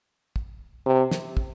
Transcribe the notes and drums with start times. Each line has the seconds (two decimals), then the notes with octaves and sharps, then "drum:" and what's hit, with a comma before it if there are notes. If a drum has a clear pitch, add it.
0.36 drum: kick
0.86 C3
1.11 drum: snare
1.37 drum: kick